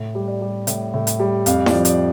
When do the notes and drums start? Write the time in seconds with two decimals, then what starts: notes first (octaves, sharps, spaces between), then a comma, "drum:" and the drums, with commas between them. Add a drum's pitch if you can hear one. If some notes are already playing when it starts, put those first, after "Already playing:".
Already playing: A2
0.15 G3
0.28 D5
0.42 G3
0.67 A2, drum: hi-hat
0.94 A2
1.07 drum: hi-hat
1.20 G3
1.46 F2 F5, drum: hi-hat
1.66 D5, drum: snare E4
1.73 F3
1.85 D5, drum: hi-hat